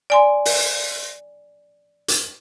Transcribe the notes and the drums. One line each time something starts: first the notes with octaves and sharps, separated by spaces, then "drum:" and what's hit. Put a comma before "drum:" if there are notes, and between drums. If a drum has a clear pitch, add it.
D5 G#5 C6
drum: open hi-hat
drum: hi-hat